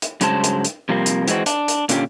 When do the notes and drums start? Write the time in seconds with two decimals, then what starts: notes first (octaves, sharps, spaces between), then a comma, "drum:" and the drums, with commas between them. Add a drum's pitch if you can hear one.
0.02 drum: hi-hat
0.21 G2 C#3 F#3 G#3 C5 A5, drum: hi-hat
0.44 drum: hi-hat
0.65 drum: hi-hat
0.89 C3 F3 G3 A#3 C4
1.06 drum: hi-hat
1.28 E3 G#3 A#3 C4 F#4, drum: hi-hat
1.46 D4, drum: hi-hat
1.68 drum: hi-hat
1.89 A#2 D3 C#4 F4 G4, drum: hi-hat